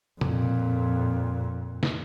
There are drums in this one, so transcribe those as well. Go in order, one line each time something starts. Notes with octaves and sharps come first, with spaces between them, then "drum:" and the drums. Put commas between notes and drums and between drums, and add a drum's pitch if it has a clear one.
F2 A#2, drum: tom B2
drum: snare